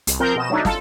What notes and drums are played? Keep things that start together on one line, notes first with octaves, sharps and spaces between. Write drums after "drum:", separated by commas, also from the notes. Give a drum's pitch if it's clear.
C2, drum: hi-hat
F3 C4 A#4 G6
B2 D#5 E7
F#3 A3 D4 D#4
F4 A4, drum: snare